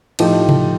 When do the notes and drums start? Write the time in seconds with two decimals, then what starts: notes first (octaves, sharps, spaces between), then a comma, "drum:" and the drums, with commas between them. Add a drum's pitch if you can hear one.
0.19 A2 F3 A3 D#4 G4, drum: cymbal
0.49 drum: tom C3